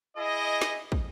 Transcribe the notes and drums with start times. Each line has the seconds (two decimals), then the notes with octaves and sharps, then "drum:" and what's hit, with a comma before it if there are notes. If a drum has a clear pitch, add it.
0.16 E4 G#4 D#5
0.61 drum: snare
0.92 drum: kick